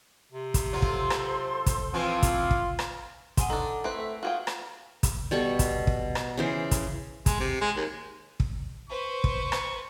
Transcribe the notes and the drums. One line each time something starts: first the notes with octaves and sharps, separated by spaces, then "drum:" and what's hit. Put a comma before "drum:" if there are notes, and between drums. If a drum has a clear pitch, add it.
C3
drum: kick, hi-hat
F#3 F4 A4 C5 C6
drum: kick
drum: rim click
drum: kick, hi-hat
E3 F3 C4 F4
drum: kick, hi-hat
drum: kick
drum: rim click
C4 F#5 G#5 C6 D#6 D#7, drum: kick, hi-hat
D4 D#4 A4 A#5 C#6
C4 E4 B4
A3
F4 F#4 G#4 G5
drum: rim click
drum: kick, hi-hat
B2 G3 A4 C#6
drum: kick, hi-hat
drum: kick
drum: rim click
C#3 E3 C5
drum: kick, hi-hat
G#3, drum: kick, hi-hat
C3
G#3
D#2
drum: kick
B4 C5 C#6
drum: kick
drum: rim click